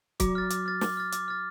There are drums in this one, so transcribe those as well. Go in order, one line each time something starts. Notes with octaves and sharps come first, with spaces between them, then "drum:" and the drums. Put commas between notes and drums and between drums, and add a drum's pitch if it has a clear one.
F#3 F#4 D6, drum: kick C#1, hi-hat
F6 A6
D6, drum: hi-hat
F6 A6
D6, drum: snare
F6 A6
D6, drum: hi-hat
F6 A6